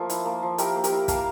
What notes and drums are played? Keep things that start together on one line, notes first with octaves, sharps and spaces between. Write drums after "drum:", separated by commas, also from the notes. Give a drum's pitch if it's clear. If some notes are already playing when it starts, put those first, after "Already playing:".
Already playing: F3 A3 A#3
E4, drum: hi-hat
A#3
F3
E4 G4 A#4, drum: hi-hat
A#3
G4 A#4, drum: hi-hat
E4
A#3 F5 A5, drum: kick, hi-hat